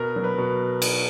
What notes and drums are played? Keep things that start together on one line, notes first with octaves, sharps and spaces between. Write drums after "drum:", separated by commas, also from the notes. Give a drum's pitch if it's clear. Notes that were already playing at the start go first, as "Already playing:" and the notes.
Already playing: B2 A#4
F#3
B4
B2
drum: cymbal